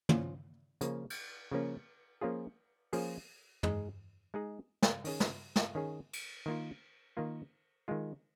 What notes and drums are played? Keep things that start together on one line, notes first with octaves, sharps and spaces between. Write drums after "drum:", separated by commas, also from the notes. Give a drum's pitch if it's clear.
F3 C#4 F4, drum: tom
C#3 F3 A#3 C#4, drum: hi-hat
drum: cymbal
C#3 F3 A#3 C#4
F3 A#3 C#4 F4 G#4
F3 A#3 C#4 F4 G#4, drum: open hi-hat
G#3 D#4 G#4, drum: tom
G#3 D#4 G#4
drum: snare
D#3 C#4 G#4, drum: open hi-hat
drum: snare
drum: snare
D#3 C#4 G#4
drum: cymbal
D#3 A#3 F4
D#3 A#3 F4
D#3 G#3 F4